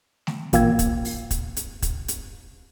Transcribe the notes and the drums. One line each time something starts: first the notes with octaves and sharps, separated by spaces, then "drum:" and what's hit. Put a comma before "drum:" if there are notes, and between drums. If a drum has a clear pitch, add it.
drum: snare A3
A1 A#2 A#3 G5 E6 G#6, drum: hi-hat
drum: kick, hi-hat
drum: open hi-hat
drum: kick, hi-hat
drum: hi-hat
drum: kick, hi-hat
drum: hi-hat